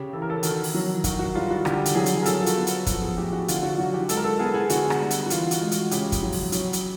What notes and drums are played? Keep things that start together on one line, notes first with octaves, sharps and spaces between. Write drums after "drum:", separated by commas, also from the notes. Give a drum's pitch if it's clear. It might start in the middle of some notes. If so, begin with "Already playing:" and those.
Already playing: C#3 G4
E3 A4
A#4
A4
D#3 F#4, drum: hi-hat
drum: open hi-hat
F#3
D#3 F#4, drum: kick, hi-hat
F#4
G3 F4
F#4
D3 G4, drum: rim click
drum: hi-hat
F#3 G#4
drum: hi-hat
A#4
F#3 A4, drum: hi-hat
F4
F#4, drum: hi-hat
B3
drum: hi-hat
F3 F#4, drum: kick, hi-hat
G#4
A3 G4
F#4
D3 F4, drum: hi-hat
F#4
F#3 F#4
G4
G#3 A4, drum: hi-hat
A#4
A4
B3 G#4
G#4
D3 F#4, drum: hi-hat
drum: rim click
G3
drum: hi-hat
F#4
E3 F4, drum: hi-hat
F#4, drum: hi-hat
G#3
F#4, drum: hi-hat
C#3 G4, drum: hi-hat
drum: kick, hi-hat
F#3
drum: open hi-hat
F#3, drum: hi-hat
drum: hi-hat